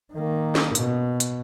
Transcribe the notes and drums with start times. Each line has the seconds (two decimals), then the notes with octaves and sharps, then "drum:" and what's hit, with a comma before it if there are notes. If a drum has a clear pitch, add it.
0.13 D#3 A#3
0.55 drum: snare
0.75 B2, drum: hi-hat
1.20 drum: hi-hat